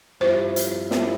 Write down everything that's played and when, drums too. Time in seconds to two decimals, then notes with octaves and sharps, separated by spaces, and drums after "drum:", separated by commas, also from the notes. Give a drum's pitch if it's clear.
0.20 G2 F3 C4 E4 C5
0.56 drum: hi-hat
0.91 F3 C4 E4, drum: snare